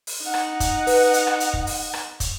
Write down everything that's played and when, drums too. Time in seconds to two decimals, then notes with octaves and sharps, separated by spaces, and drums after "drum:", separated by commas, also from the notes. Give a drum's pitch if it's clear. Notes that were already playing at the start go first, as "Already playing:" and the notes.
0.07 drum: open hi-hat
0.23 D#4 F#5
0.34 drum: rim click
0.60 drum: kick, hi-hat
0.87 B4, drum: open hi-hat
1.14 drum: hi-hat
1.27 drum: rim click
1.40 drum: hi-hat
1.53 drum: kick
1.67 drum: open hi-hat
1.93 drum: rim click
2.20 drum: kick, hi-hat